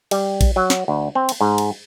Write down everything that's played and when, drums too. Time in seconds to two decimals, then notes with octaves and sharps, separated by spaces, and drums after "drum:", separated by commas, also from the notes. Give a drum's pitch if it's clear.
0.11 G3, drum: cymbal
0.41 drum: kick, cymbal
0.56 F#3
0.70 drum: snare
0.88 D2
1.15 C4
1.29 drum: cymbal
1.41 G#2
1.58 drum: cymbal